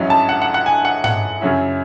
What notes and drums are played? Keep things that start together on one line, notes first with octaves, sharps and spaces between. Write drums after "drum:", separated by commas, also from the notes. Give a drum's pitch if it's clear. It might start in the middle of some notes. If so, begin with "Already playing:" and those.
Already playing: A1 G#2 F#3 C#4 E4
A5
F#5
F#5
F#5
G#5
F#5
F#5, drum: tom G#2
F#2 C#3 F#3 C#4 E4